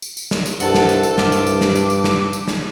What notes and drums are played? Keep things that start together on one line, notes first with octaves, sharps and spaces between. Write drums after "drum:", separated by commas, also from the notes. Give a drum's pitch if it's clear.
drum: tambourine
drum: tambourine
drum: snare
drum: tambourine
C2 G2 A4 F#5 A5, drum: tambourine
drum: snare
drum: tambourine
drum: tambourine
G2 F4 A4 D6, drum: snare
drum: tambourine
drum: tambourine
drum: snare
drum: tambourine
drum: tambourine
drum: snare
drum: tambourine
drum: snare